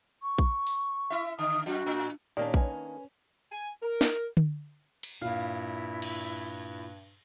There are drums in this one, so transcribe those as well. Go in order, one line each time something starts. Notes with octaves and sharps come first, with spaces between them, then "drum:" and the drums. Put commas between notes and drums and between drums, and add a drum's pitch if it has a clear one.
C#6
drum: kick A#1
drum: open hi-hat
E4 E5
D3 D#6
F#2 F#4
A2
A#2 D#3 A#3 C#4 D4 G4 D5 A#5
C#4 B4 G#5, drum: kick A#1
G#5
A#4
drum: snare
drum: tom D3
drum: cymbal
G2 A#2 E4 F5
drum: cymbal